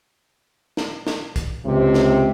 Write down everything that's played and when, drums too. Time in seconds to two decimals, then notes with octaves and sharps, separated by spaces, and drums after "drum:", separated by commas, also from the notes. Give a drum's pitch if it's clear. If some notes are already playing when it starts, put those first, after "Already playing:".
0.77 drum: snare
1.07 drum: snare
1.36 drum: kick, hi-hat
1.65 C#2 C3
1.94 drum: snare